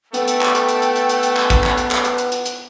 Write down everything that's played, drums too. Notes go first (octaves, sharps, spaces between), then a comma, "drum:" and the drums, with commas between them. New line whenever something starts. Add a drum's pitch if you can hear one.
A3 B3 A4 G5, drum: hi-hat
drum: hi-hat
drum: clap
drum: hi-hat
drum: hi-hat
drum: hi-hat
drum: hi-hat
drum: hi-hat
drum: hi-hat
drum: clap
drum: kick, hi-hat
drum: clap
drum: hi-hat
drum: clap
drum: hi-hat
drum: hi-hat
drum: hi-hat
drum: hi-hat